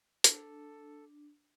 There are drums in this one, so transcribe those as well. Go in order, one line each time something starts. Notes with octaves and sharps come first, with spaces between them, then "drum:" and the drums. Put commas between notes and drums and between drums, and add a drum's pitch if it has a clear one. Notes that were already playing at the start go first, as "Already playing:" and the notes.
D4 A4, drum: hi-hat